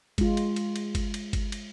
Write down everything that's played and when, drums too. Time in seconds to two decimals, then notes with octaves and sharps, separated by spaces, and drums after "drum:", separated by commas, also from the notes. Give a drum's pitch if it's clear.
0.18 G#3 F4, drum: kick G1, cymbal
0.37 drum: cymbal
0.56 drum: cymbal
0.76 drum: cymbal
0.95 drum: kick G1, cymbal
1.14 drum: cymbal
1.33 drum: kick G1, cymbal
1.52 drum: cymbal